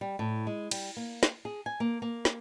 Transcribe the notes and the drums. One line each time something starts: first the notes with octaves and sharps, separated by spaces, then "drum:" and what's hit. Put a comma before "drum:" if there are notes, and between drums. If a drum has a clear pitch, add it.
G3
A2
G#3
G3, drum: cymbal
A#3
drum: snare
G#4
G#5
A#3
A#3
drum: snare